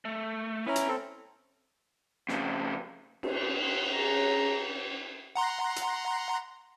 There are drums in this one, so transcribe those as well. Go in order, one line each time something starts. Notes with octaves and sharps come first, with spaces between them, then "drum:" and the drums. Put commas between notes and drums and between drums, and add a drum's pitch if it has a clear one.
A3
B3 C#4 E4 A#5
drum: hi-hat
C4 A4
F2 C#3, drum: snare
drum: cymbal
C#4 G#4 A#5
F#5 A#5 C6
drum: hi-hat